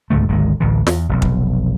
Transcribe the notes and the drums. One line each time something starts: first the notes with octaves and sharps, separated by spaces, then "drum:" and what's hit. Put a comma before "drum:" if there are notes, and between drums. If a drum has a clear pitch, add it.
C#2 G#2 D3 A3
D1 G#1 D#3 G#3
A1 D2 A2 E3
E2, drum: snare
F1 B1 F2
drum: kick